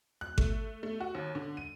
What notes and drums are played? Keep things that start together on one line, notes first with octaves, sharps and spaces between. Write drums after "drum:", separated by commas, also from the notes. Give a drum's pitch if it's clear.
F#6
A3, drum: kick G#1
A3
F#4
D#2
D3
D#7